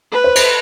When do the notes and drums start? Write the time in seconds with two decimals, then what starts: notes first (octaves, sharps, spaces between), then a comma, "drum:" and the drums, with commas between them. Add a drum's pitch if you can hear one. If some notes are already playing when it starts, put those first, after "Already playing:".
0.12 B4
0.24 C5
0.36 C5, drum: cymbal